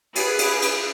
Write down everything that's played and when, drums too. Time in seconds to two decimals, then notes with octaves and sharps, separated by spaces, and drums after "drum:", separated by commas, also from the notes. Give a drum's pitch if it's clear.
0.15 G#4 B4, drum: cymbal
0.39 drum: cymbal
0.62 drum: cymbal